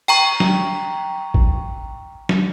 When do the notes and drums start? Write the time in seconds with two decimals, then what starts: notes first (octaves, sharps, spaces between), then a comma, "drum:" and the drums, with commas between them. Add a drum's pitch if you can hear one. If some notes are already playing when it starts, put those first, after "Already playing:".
0.08 G5 A#5 C#6, drum: cymbal
0.40 drum: snare
1.34 drum: kick
2.29 drum: snare